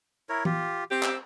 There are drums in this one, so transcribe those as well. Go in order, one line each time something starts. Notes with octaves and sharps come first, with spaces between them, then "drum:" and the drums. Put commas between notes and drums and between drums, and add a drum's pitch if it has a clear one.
E4 A#4 C#5
F4 G4, drum: tom E3
C4 G4
E6, drum: clap